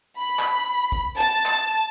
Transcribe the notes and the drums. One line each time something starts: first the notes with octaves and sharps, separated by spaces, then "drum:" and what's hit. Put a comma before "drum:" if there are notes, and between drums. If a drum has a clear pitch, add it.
B5
drum: clap
drum: kick
A5
drum: clap